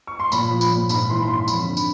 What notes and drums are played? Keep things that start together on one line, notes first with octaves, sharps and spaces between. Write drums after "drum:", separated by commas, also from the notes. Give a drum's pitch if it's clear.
C#6
C6
A#2 B5, drum: tambourine
F3
drum: tambourine
A#2
G#2 B5, drum: tambourine
E3 C6
B5
G#2 C6
C6
F2 B5, drum: tambourine
D3
drum: tambourine